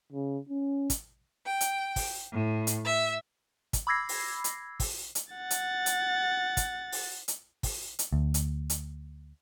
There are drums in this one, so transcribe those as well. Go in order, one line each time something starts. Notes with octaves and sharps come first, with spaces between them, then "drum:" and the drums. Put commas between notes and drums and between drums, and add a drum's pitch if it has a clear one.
C#3
C#4
drum: kick, hi-hat
G5
drum: hi-hat
drum: kick, open hi-hat
A2
drum: hi-hat
E5
drum: kick, hi-hat
B5 D6 E6 G#6 A#6 C7
drum: open hi-hat
drum: hi-hat
drum: kick, open hi-hat
drum: hi-hat
F#5 A6
drum: hi-hat
drum: hi-hat
drum: kick, hi-hat
drum: open hi-hat
drum: hi-hat
drum: kick, open hi-hat
drum: hi-hat
D2
drum: hi-hat
drum: hi-hat